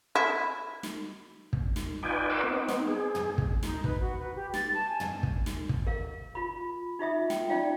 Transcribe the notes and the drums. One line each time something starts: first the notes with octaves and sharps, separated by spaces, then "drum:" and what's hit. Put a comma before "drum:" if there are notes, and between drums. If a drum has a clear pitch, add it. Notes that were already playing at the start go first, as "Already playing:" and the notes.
E4
drum: snare
drum: kick
drum: snare
D#4 F4 B4 D5 G5 G#5
A#4 B4 F#5 C6 D6 E6
B3 C4 D#4
drum: snare
G#4
drum: tom
drum: kick
D#4, drum: snare
B4, drum: kick
F#4
B4
G4
A6, drum: snare
A5
G#5
drum: tom
drum: kick
drum: snare
drum: kick
A#4 F5
F4 B5
D#4 F4 E5 D#6
G5, drum: snare
C#4 D#4 F4 D5 F5 G5